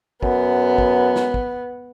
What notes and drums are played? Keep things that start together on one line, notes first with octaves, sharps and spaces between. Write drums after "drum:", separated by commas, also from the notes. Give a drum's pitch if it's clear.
F#2 B3, drum: kick
drum: kick
drum: snare
drum: kick